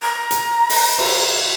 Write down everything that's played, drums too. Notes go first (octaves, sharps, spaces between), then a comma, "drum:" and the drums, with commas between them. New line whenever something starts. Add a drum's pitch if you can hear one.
A#5
drum: hi-hat
drum: open hi-hat
drum: cymbal